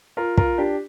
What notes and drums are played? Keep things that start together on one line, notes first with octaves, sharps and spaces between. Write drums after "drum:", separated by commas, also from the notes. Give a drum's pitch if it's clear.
F4 A#4
F4 A#4, drum: kick
D4 G4